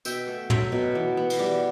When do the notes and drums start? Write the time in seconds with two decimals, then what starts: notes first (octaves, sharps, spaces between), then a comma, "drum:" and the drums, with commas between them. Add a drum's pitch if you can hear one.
0.05 B2 E5 G5, drum: tambourine
0.27 A3
0.50 F#3 E5 G5, drum: tom
0.72 B2
0.95 E3
1.17 B3
1.30 drum: cymbal
1.39 G3